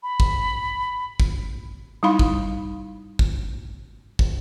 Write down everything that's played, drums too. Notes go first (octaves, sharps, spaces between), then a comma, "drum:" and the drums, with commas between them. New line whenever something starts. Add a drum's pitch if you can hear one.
B5
drum: kick
drum: kick
G3 D#4 E4 F5 B5
drum: kick
drum: kick
drum: kick